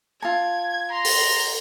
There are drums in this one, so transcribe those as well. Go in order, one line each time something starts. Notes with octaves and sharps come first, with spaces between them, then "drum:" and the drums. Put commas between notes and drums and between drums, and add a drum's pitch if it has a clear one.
F4 A5 G#6
A#5 C6
drum: open hi-hat